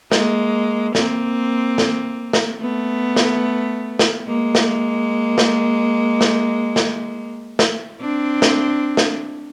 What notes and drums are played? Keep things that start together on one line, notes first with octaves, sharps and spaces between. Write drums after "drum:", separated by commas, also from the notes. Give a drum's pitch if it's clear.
G#3 A#3, drum: snare
A#3 C4, drum: snare
drum: snare
drum: snare
A3 B3
drum: snare
drum: snare
G#3 A#3
drum: snare
drum: snare
drum: snare
drum: snare
drum: snare
C4 D4
drum: snare
drum: snare